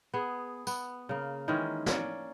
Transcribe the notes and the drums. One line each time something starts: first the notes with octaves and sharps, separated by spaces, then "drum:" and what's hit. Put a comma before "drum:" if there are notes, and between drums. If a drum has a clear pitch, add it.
B3 G#4
B3, drum: tambourine
C#3 A#3
D#3 E3 G#3 C#4
A#3 C#4 C#5 D5, drum: snare